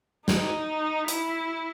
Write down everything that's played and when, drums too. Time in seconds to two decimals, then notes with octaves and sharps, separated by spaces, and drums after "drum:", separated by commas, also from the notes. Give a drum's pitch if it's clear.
0.28 D#4, drum: snare
1.08 E4, drum: hi-hat